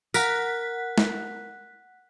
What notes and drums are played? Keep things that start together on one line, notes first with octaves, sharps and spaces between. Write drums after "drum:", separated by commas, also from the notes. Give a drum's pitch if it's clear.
A#4 F#5 F#6 B6, drum: tambourine
drum: snare